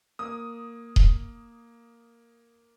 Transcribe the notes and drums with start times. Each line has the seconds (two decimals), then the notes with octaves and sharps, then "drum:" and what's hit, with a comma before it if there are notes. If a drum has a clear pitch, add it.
0.19 A#3 D#6
0.96 drum: kick D#1